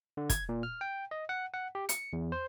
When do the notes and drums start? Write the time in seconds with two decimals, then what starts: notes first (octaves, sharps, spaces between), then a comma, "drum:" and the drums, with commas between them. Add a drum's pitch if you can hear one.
0.17 D3
0.30 G#6, drum: kick, hi-hat
0.49 A#2
0.63 F6
0.81 G5
1.11 D#5
1.29 F#5
1.54 F#5
1.75 G4
1.89 C#7, drum: hi-hat
2.13 E2
2.32 C5